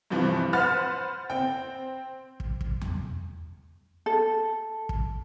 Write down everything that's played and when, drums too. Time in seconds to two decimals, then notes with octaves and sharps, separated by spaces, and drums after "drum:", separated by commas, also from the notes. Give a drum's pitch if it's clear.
0.10 G2 C3 E3 F3
0.53 B4 C5 F#5 B5 F6 A6
1.30 C4 G5
2.40 drum: kick
2.61 drum: kick
2.81 drum: tom E2
4.06 A4
4.89 drum: kick